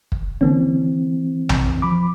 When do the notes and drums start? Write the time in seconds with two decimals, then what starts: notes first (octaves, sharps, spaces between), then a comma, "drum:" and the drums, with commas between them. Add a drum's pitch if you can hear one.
0.12 drum: kick
0.41 D3 E3 A#3 C4 C#4
1.49 drum: tom A#1
1.82 F3 B5 D6